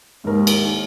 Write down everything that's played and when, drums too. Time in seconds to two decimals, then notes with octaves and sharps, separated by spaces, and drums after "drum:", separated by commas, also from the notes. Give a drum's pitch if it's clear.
0.24 D#2 G#2 A#4
0.47 drum: cymbal